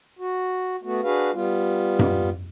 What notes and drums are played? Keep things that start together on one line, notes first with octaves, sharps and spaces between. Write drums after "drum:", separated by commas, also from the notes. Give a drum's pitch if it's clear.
F#4
A3 B3 F#4
D4 F#4 G#4 B4 F5
G3 B3 F4
drum: tom F#2